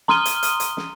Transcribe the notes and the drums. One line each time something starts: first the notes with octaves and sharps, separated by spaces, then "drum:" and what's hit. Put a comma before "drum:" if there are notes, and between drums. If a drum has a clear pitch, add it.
A#5 C6 D#6 F6 D#7 G7, drum: snare
drum: hi-hat
drum: hi-hat
drum: hi-hat
drum: snare